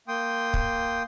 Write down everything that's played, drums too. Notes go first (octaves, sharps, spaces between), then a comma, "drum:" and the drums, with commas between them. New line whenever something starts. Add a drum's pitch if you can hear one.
A#3 G5 C6 D#6
drum: kick